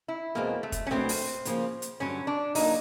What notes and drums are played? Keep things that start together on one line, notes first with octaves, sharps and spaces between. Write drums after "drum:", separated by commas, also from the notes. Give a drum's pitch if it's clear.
E4
E2 B2 G#3 A#3 C4
A3
drum: kick, hi-hat
C#4
B2 F#3 A3 C4 D4
drum: open hi-hat
C#3 F3 A#3, drum: hi-hat
drum: hi-hat
G2 D3 F#3 C#4
D4
D3 F#3 A#3 D#4, drum: open hi-hat